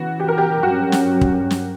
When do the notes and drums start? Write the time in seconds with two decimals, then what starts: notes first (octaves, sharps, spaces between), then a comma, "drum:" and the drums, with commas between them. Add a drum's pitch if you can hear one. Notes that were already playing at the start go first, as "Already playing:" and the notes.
Already playing: C#3 E3 B3 F#4
0.20 G4
0.28 A#4
0.38 G4
0.63 G2 F#3 C#4 F#4
0.92 drum: snare
1.21 drum: kick
1.51 drum: snare